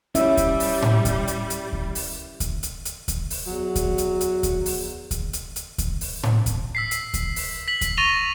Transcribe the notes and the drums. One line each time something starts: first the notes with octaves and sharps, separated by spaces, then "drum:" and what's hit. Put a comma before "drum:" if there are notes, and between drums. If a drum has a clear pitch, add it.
G3 C#4 E4 E5, drum: hi-hat
drum: kick D2, hi-hat
drum: open hi-hat
drum: tom A2
drum: kick D2, hi-hat
drum: hi-hat
drum: hi-hat
drum: kick D2
drum: open hi-hat
drum: kick D2, hi-hat
drum: hi-hat
drum: hi-hat
drum: kick D2, hi-hat
drum: open hi-hat
E2 F#3
drum: kick D2, hi-hat
drum: hi-hat
drum: hi-hat
drum: kick D2, hi-hat
drum: open hi-hat
drum: kick D2, hi-hat
drum: hi-hat
drum: hi-hat
drum: kick D2, hi-hat
drum: open hi-hat
drum: tom A2
drum: kick D2, hi-hat
E6 B6 C7
drum: hi-hat
drum: kick D2, hi-hat
drum: open hi-hat
B6 F#7
drum: kick D2, hi-hat
C#6 A6 A#6 D#7 F7 G7